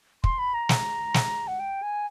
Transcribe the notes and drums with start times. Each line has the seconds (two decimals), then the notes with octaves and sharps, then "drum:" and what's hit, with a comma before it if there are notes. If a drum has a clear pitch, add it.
0.24 C6, drum: kick
0.39 B5
0.54 A#5
0.69 drum: snare
1.14 drum: snare
1.48 F#5
1.59 G5
1.82 G#5